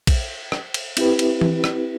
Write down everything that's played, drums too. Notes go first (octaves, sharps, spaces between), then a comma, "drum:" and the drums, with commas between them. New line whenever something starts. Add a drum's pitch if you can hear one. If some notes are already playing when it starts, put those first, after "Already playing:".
drum: kick A#1, cymbal
drum: rim click
drum: cymbal
C4 E4 G4 B4, drum: cymbal
drum: cymbal
drum: tom E3
drum: rim click